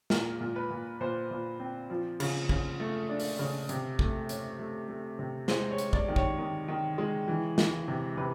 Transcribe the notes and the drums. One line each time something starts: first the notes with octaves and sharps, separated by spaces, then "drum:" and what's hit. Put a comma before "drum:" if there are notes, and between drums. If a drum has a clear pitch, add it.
A#2 A#4, drum: snare
A#2
B4
A#2
A#2 C5
A#2
C4
F3
C#3, drum: cymbal
C#3, drum: kick A1
A3
D4
drum: open hi-hat
C#3
C3, drum: hi-hat
A3, drum: kick A1
C#4, drum: hi-hat
A3
A3
C3
G#3 C5, drum: snare
C#5
C#4, drum: hi-hat
D5, drum: kick A1
D#3
C#5, drum: kick A1
D#3
D#3
G#3
E3
E3, drum: snare
C3
C3 B4